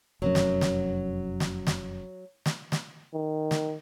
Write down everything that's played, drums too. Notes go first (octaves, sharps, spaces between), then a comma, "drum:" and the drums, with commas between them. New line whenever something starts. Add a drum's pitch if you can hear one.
F1 F#2 F#3
drum: snare
drum: snare
drum: snare
drum: snare
drum: snare
drum: snare
D#3
drum: snare